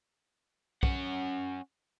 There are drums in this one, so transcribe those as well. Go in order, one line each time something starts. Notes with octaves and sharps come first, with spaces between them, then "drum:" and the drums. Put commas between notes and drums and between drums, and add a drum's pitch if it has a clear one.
C#4 F#5, drum: kick B1